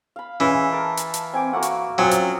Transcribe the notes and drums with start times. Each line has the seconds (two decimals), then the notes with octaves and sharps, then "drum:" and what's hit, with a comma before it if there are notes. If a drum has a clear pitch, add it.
0.16 F5 B5
0.40 E3 G#3 C#4
0.72 A#4 A5
0.97 drum: hi-hat
1.14 drum: hi-hat
1.33 C4 G#5 D6
1.53 A3 A#3 F#4 F#5
1.63 drum: hi-hat
1.98 F#3 C4 C#4 F4 D#6
2.11 drum: hi-hat